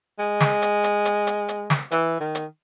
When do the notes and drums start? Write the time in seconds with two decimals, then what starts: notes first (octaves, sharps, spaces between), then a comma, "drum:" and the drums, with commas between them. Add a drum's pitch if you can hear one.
0.19 G#3
0.41 drum: snare
0.62 drum: hi-hat
0.84 drum: hi-hat
1.05 drum: hi-hat
1.27 drum: hi-hat
1.48 drum: hi-hat
1.70 drum: snare
1.91 E3, drum: hi-hat
2.20 D#3
2.35 drum: hi-hat